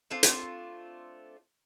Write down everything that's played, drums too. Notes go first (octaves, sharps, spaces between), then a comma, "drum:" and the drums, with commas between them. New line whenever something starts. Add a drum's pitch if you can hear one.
A3 C4 D4 F4
drum: hi-hat